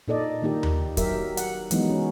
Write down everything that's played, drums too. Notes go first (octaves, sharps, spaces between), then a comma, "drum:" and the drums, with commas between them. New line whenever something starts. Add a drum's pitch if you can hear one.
A#2 D#4 A4 D5 D#5
D#3 A#3 D#4 G4
drum: tom D#2
F#3 G4 A#4 E5, drum: kick, hi-hat
F#5, drum: hi-hat
E3 F#3 G#3 B3 D#4, drum: hi-hat
C#4